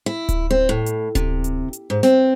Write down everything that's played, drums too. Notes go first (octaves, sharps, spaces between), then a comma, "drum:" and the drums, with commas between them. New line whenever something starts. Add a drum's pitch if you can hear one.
E4
drum: kick D1, hi-hat
C4
A2
drum: hi-hat
C3, drum: kick D1, hi-hat
drum: hi-hat
drum: hi-hat
G#2
C4, drum: snare